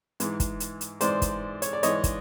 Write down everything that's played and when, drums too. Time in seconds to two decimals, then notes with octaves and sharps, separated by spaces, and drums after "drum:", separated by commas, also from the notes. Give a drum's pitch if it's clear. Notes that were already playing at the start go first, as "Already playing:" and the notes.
0.20 G#2 E3 G#3, drum: hi-hat
0.40 drum: kick, hi-hat
0.60 drum: hi-hat
0.81 drum: hi-hat
1.01 G#2 E3 G#3 C5 D5, drum: hi-hat
1.22 drum: kick, hi-hat
1.62 C#5, drum: hi-hat
1.73 D5
1.83 G#2 E3 G#3 C#5 D#5, drum: hi-hat
2.04 drum: kick, hi-hat